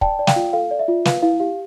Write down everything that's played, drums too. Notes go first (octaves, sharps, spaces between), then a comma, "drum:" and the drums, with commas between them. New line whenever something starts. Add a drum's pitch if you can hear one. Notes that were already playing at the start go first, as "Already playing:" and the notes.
D5 G5 A5, drum: kick
D5
F5 G5, drum: snare
F4
A4 F5
D5
E5
F4
B4 F5, drum: snare
E4 F5
G4 F5